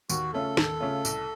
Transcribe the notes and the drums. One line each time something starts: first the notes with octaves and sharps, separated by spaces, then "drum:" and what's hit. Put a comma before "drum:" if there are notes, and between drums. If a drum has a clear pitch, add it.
D#2 F#4, drum: tambourine
C#3 A3 C#4 F4 A4
D#2, drum: snare
C#3 A3 C#4 F4
C2, drum: tambourine